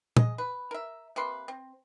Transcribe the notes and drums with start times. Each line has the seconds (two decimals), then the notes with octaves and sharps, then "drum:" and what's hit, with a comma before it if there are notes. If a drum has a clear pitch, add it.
0.17 G#3 D#5, drum: tom A#2
0.38 B4
0.71 A#4 E5
1.16 C3 A#3 B4 C6
1.48 C4